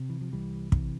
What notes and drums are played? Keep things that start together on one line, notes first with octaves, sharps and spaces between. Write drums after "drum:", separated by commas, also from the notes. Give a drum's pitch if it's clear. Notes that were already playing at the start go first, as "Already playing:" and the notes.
Already playing: C3
E3
F3
C2 E3 G3
C3 E3, drum: kick